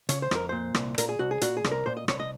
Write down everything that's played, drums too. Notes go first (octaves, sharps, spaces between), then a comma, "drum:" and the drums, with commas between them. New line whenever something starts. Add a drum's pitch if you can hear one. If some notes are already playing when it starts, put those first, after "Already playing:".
C#3 C#5, drum: hi-hat
C5
F2 A#4, drum: rim click
A#2 C5
C2, drum: rim click
A#2 A#4, drum: hi-hat
G#4
C2 F#4
G#4
A#2 F#4, drum: hi-hat
G#4
C2, drum: rim click
A#4
A#2 C5
D#5
C2 C#5, drum: rim click
D#5